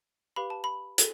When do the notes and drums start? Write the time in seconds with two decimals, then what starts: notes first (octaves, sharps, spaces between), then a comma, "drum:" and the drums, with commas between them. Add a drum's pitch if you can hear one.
0.36 G4 B4 F5 B5
0.50 A5
0.64 B5
0.98 A4, drum: hi-hat